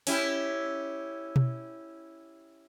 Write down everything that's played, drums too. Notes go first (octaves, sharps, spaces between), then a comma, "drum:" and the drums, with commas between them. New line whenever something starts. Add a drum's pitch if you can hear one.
C#4 E4 G4, drum: open hi-hat
drum: tom B2